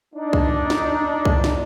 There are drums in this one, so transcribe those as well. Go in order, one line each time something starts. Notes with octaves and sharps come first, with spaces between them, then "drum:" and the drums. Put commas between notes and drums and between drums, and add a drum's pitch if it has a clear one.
D4 D#4
drum: kick C2
drum: snare
drum: kick C2
drum: snare